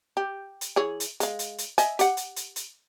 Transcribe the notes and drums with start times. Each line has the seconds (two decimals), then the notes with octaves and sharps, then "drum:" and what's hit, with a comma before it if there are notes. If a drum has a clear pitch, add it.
0.17 G4
0.61 drum: hi-hat
0.76 E3 G#4 C#5
1.00 drum: hi-hat
1.20 G#3 F5, drum: hi-hat
1.39 drum: hi-hat
1.58 drum: hi-hat
1.78 D#5 E5 G#5, drum: hi-hat
1.99 G4 F#5, drum: hi-hat
2.17 drum: hi-hat
2.36 drum: hi-hat
2.56 drum: hi-hat